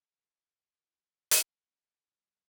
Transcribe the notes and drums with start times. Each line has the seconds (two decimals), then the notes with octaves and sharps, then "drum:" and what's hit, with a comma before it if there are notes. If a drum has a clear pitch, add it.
0.22 E4
0.37 A4
0.88 C5
1.31 drum: hi-hat
1.49 F5
1.61 A#4
2.14 G3